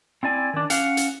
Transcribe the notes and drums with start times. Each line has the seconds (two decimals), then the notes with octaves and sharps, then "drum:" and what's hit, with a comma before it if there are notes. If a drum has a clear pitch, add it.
0.23 C4 E4 D5 G#5
0.54 D#3 D4
0.70 C#4 F5 F#5, drum: hi-hat
0.97 drum: hi-hat